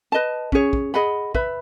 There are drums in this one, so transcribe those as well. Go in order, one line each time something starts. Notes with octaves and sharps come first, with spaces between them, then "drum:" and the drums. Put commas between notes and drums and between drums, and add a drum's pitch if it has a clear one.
B4 D#5 A5
C#4 G#4 C#5, drum: kick
drum: kick
G#4 D#5 F#5 B5
B4 E5 B5, drum: kick